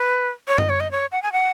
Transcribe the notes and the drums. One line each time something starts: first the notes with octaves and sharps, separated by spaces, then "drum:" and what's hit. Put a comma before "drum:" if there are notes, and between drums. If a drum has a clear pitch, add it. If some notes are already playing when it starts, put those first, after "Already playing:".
Already playing: B4
C#5
D#5, drum: tom F#2
C#5
D#5
C#5
F#5
G#5
F#5